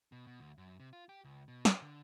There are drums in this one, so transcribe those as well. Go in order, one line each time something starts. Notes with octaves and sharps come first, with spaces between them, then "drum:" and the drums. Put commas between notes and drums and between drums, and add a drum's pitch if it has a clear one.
B2
B2
D2
F#2
C3
F4
G4
C#2
B2
C5, drum: snare
D3